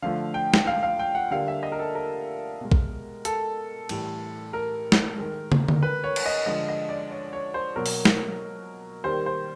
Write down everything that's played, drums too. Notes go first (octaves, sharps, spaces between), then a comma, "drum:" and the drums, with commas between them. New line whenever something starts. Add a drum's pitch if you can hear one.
D3 F3 A3 F5
G5
drum: snare
F5
F5
G5
F#5
D3 G3 A#3 F5
E5
D#5
A#4
A4
A#4
B2 G#3
drum: kick A#1
A4, drum: hi-hat
A2 E3 G3, drum: cymbal
A#4
drum: snare
D#3 G#3
drum: tom
drum: tom D3
B4
C#5
drum: cymbal
D#5
D3 F3 G#3 D#5
D#5
D5
C#5
C#5
C5
B2 F#3 A#3 A#4
drum: open hi-hat
drum: snare
D#3 G3 A#3 C5
C5